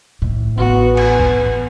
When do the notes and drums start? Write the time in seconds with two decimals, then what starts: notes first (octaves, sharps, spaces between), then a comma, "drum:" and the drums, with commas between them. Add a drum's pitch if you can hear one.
0.22 A2
0.58 A1 B3 F#4
0.97 G#5, drum: cymbal
1.19 drum: kick